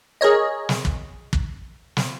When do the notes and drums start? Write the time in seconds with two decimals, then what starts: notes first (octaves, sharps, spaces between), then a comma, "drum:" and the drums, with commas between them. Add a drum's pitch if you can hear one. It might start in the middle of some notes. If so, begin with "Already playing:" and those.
0.21 G#4 A#4 C#5 D#5
0.69 drum: snare
0.85 drum: kick
1.33 drum: kick
1.97 drum: snare